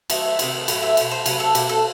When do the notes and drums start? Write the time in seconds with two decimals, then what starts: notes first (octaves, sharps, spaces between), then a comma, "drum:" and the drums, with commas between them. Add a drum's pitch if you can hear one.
0.10 D#3 F#3 A3 E5, drum: cymbal
0.39 C3 D#3 A3, drum: cymbal
0.68 A2 F#3 A3 F#5, drum: cymbal
0.83 E5
0.97 B2 A3 C5, drum: cymbal
1.11 C5
1.26 C3 F#3 A3 B4, drum: cymbal
1.40 A4
1.55 B2 A3 G4, drum: cymbal
1.69 A4